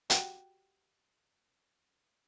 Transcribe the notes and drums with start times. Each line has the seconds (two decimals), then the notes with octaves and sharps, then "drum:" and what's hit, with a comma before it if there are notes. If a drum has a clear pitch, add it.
0.10 F#4 G4, drum: hi-hat